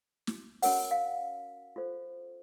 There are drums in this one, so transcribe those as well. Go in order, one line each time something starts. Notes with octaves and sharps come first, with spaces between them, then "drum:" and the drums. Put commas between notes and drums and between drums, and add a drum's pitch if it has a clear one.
drum: snare
C#4 F#4 A#4 C#5 F#5, drum: open hi-hat
F5
F4 A4 C5